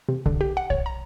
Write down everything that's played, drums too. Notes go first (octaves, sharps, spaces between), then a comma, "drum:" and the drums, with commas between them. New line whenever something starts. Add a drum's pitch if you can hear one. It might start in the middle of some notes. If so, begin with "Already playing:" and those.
C3
D3, drum: kick B1
G4
F#5
C#5, drum: kick B1
A#5